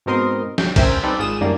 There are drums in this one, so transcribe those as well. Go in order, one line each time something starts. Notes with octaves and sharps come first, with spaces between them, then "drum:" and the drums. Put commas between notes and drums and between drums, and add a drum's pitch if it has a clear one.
G#2 B2 C4 A#4 D#5 C6
G5, drum: snare
C#4 A#4 C5 E5 G5 G#5, drum: kick, cymbal
G3 C4 D#4 A4 B4 D5
G#1 F4 G#4 D#6 E7
F#2 D#3 G3 A#3 D4